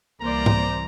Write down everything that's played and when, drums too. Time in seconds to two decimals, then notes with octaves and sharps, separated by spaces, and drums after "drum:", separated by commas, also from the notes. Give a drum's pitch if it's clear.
0.21 C2 E3 G3 A#3 A#4 C5 D5 A#5
0.46 drum: tom G#2